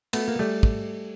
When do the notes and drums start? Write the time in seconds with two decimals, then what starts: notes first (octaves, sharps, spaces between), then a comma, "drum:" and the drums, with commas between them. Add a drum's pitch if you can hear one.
0.13 A3 B3, drum: cymbal
0.28 A#3
0.39 G3 A3
0.63 drum: kick